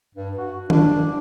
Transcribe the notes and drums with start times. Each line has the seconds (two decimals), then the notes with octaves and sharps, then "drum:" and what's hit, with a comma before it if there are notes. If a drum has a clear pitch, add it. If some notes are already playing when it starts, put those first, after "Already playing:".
0.15 G2
0.38 F#4
0.70 D4, drum: tom D#3